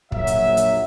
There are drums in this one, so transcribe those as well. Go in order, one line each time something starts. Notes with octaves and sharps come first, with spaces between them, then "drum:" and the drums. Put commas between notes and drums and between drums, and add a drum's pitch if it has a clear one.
A#1 F#3 E5, drum: kick
drum: hi-hat
drum: hi-hat